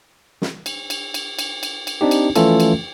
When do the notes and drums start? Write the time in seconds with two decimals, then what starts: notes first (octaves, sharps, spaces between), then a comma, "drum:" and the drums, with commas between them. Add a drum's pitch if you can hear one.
0.42 drum: snare
0.66 drum: cymbal
0.90 drum: cymbal
1.14 drum: cymbal
1.39 drum: cymbal
1.63 drum: cymbal
1.87 drum: cymbal
2.01 C4 D4 D#4 G4
2.11 drum: cymbal
2.35 E3 F3 A3 C#4 F4 A4, drum: cymbal
2.60 drum: cymbal